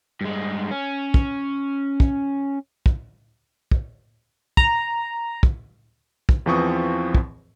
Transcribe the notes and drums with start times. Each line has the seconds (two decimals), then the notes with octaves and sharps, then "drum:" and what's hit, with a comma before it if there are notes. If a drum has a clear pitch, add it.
0.21 G2 G#3
0.71 C#4
1.14 drum: kick
2.00 drum: kick
2.86 drum: kick
3.71 drum: kick
4.57 A#5, drum: kick
5.43 drum: kick
6.29 drum: kick
6.46 E2 E3 F3 C4 C#6 D#6
7.15 drum: kick